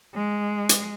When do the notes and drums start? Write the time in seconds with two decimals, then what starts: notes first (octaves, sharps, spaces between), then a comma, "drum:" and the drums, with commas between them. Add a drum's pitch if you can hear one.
0.15 G#3
0.69 drum: hi-hat